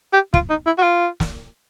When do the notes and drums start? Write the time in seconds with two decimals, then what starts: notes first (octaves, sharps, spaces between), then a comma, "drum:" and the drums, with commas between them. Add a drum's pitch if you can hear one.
0.12 G4
0.34 F4, drum: kick
0.49 D#4
0.66 E4
0.78 F#4
0.82 F4
1.20 drum: snare